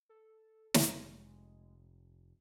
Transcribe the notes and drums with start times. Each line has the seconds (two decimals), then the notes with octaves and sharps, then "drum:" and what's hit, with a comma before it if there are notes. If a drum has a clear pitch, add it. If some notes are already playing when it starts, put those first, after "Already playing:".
0.09 A4
0.74 F1 G#3, drum: snare